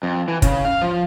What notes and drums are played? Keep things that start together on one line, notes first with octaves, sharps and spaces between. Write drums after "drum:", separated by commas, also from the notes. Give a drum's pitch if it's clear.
F2
E3
C#3, drum: kick, hi-hat
F5
F3